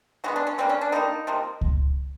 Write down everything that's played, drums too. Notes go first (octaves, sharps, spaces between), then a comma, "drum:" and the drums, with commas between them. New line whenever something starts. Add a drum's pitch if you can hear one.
C#3 E3 G#3 B3 F#4
D4
C#4
D3 G3 A#3 C4
C#4
D4
D3 G3 A#3 D#4
C3 F3 A#3
drum: kick C#2